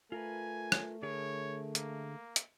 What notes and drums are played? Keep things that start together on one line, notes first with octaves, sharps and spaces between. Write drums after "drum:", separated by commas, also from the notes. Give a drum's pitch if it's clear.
A3 F4 A#4 B4 G#5
drum: rim click
D3 G#4 A#4 C#5
A#3, drum: hi-hat
drum: hi-hat